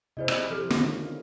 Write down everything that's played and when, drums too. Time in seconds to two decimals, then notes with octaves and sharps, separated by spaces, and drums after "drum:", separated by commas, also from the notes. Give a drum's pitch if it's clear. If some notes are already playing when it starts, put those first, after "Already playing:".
0.17 C3 E4 G#4 C5 D5 D#5
0.28 drum: rim click
0.51 F3 G4 A4 F6
0.70 D3 D#3 C#4, drum: snare